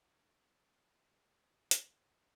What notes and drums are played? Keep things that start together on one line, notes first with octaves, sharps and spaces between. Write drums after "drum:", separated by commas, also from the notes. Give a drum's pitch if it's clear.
D#4 F#4 G4
B3 C4 F4 A4 C5 F#5
G#3 A3 C#4 D#4 G4 G5
G#3 A#4 D6
drum: hi-hat
B4 D#5 E5